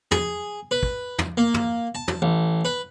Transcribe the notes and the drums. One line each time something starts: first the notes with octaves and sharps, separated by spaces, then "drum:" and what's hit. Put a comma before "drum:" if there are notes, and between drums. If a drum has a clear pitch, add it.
G#4, drum: tom
B4
drum: kick
drum: tom
A#3
drum: tom
A5
drum: tom
A1
B4